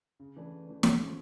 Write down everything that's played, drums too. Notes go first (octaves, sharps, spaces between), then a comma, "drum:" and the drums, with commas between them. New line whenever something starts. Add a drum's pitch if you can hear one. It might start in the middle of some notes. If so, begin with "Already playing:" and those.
C#3
E3 A3 D4
C#3
E3 A3 D4
C#3, drum: snare
F3 A3 C#4